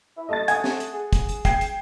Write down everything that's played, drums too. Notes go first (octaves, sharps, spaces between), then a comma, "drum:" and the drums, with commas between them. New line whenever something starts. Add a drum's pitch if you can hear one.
E4
A3 D#5 A5 A6
F#5 G#5 D#6, drum: hi-hat
drum: snare
drum: hi-hat
G#4
drum: kick, hi-hat
drum: hi-hat
G5 G#6 C7, drum: kick, hi-hat
drum: hi-hat